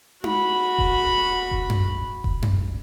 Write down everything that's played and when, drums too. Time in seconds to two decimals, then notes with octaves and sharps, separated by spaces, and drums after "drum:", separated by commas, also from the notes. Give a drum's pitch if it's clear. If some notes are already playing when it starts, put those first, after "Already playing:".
0.24 F#4 B5, drum: tom D#4
0.78 drum: kick E1
1.51 drum: kick E1
1.70 drum: tom F#2
2.24 drum: kick E1
2.42 drum: tom F#2